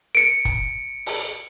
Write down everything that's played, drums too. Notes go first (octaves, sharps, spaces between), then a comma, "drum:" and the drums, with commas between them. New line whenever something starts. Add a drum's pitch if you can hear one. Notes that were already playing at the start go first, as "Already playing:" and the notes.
C#7 D7
drum: kick, hi-hat
drum: open hi-hat